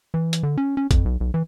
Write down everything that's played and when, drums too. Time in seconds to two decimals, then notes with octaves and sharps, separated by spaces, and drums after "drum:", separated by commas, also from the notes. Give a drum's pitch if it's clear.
0.14 E3
0.33 drum: hi-hat
0.43 D3
0.58 C#4
0.77 C#4
0.91 F2, drum: kick G#1, hi-hat
1.05 B1
1.20 B1
1.34 E3